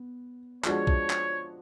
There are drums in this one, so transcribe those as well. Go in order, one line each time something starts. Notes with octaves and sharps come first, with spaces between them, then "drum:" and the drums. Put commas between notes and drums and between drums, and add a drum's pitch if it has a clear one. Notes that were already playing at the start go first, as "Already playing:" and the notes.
Already playing: B3
F3 G#3 D4 F#4 C#5, drum: clap
drum: kick A#1
drum: clap